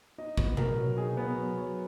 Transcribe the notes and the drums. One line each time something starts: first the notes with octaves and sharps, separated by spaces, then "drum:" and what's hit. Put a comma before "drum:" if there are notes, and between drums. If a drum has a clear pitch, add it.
D#4 D#5
B3, drum: kick
F#3 A#4, drum: tom B2
F#3
D#4 G#4
B3
F#3
F#3